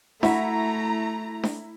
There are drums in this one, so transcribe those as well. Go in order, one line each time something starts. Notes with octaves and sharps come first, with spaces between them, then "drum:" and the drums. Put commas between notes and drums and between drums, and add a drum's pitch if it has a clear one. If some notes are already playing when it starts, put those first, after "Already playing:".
A3 E4 F#4 A#5 B5, drum: snare D4
drum: snare D4